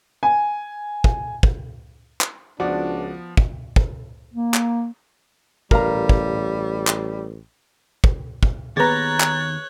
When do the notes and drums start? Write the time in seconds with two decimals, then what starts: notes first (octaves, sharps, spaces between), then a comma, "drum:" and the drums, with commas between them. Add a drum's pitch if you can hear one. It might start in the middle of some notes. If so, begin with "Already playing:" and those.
0.23 G#5
1.04 drum: kick
1.43 drum: kick
2.21 drum: clap
2.60 C#2 F3 B3 D4 F#4 D5
3.37 drum: kick
3.76 drum: kick
4.34 A#3
4.54 drum: clap
5.71 A1 G3 A#4 F5 A#5, drum: kick
6.09 drum: kick
6.87 drum: clap
8.04 drum: kick
8.43 drum: kick
8.77 D#2 B3 G#4 B4 C#5 A#5 F#6 A6
9.20 drum: clap